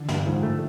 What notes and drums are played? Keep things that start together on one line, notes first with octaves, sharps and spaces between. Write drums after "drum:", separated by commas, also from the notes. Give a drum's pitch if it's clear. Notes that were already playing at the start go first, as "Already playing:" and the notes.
Already playing: D3 E3
G2, drum: snare
G#2 D#3 F3
A3